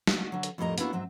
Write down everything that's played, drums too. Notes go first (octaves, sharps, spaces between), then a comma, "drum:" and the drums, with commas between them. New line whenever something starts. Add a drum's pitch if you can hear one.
F#4, drum: snare
D3 F#3
drum: hi-hat
F2 A2 G3 A#4 D#5 A#5
A#3 B3 D4 E4 F#4 D5, drum: hi-hat
G#2 F#3 C4 E5